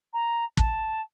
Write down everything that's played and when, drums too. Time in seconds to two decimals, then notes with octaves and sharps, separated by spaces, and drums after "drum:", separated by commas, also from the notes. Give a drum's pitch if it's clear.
0.13 A#5
0.57 A5, drum: kick